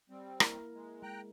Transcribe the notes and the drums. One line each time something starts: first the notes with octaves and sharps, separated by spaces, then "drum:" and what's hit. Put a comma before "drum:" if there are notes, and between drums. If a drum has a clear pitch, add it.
G3 C4
A#3 E4 A#4, drum: rim click
G#3
G#3 G5 A#5 F#6